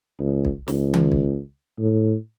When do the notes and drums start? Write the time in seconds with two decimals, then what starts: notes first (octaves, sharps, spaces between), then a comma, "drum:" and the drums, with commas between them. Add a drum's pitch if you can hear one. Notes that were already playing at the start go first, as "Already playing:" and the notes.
0.19 C#2
0.45 drum: kick B1
0.68 C#2, drum: snare
0.93 drum: tom D#3
1.12 drum: kick B1
1.79 A2